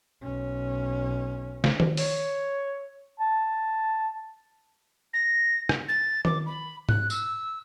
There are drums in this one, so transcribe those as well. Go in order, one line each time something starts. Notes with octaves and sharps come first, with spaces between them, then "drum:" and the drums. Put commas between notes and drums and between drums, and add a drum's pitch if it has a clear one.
B1 C#4
drum: snare
drum: tom D#3
C#5, drum: open hi-hat
A5
A#6
drum: rim click
A6
D6, drum: tom D#3
B5
F#6, drum: tom G#2
E6, drum: tambourine